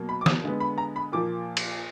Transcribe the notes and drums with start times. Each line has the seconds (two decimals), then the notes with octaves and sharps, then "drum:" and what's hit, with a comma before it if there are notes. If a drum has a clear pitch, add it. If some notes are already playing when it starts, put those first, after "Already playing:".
Already playing: B2 F#3 A#3
0.09 B5
0.21 D6
0.26 D#6, drum: snare
0.44 D3 G#3 B3
0.60 B5
0.78 A#5
0.96 B5
1.12 A#2 F3 A#3 D6
1.57 drum: cymbal